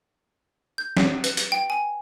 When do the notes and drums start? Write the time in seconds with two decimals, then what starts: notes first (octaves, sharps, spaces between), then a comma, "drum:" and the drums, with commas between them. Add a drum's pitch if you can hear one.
0.78 G6
0.97 drum: snare
1.24 B4, drum: hi-hat
1.37 drum: hi-hat
1.52 G5
1.70 G#5